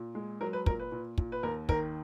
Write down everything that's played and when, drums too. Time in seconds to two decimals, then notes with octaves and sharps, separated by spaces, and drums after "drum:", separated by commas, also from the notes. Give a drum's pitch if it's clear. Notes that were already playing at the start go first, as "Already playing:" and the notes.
Already playing: A#2
0.15 G#3
0.41 F#3 A#4
0.53 B4
0.66 A#2 A#4, drum: kick
0.79 B4
0.92 A#2
1.18 A#2, drum: kick
1.32 B4
1.43 D#2 A#4
1.69 D#3 A#4, drum: kick